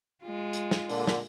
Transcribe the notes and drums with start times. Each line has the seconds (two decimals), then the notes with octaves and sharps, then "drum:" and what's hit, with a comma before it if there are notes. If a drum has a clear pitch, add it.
0.23 G#3 F4
0.53 drum: hi-hat
0.71 drum: snare
0.89 A#2 D3, drum: open hi-hat
1.07 drum: snare